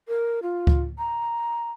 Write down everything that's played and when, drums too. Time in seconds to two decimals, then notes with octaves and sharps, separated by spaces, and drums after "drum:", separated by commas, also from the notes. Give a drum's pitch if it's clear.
0.08 A#4
0.42 F4
0.67 drum: kick C#2
0.98 A#5